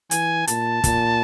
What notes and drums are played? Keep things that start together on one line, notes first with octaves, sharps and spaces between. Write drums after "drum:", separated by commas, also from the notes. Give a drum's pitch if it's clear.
E3 G#5, drum: hi-hat
A#2 A5, drum: hi-hat
A#2, drum: kick, hi-hat